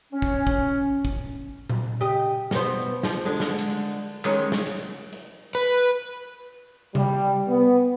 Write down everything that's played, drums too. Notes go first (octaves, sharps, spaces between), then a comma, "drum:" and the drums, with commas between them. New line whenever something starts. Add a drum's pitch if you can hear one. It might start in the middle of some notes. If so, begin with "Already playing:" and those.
C#4
drum: kick
drum: kick
drum: kick
drum: tom A#2
C#3 G4 D#5
B2 B3 C5, drum: snare
F3 C5, drum: snare
D3 G#3
drum: snare
drum: cymbal
D#3 G#3 C#4, drum: clap
drum: snare
drum: cymbal
drum: hi-hat
B4
G3, drum: tom C3
B3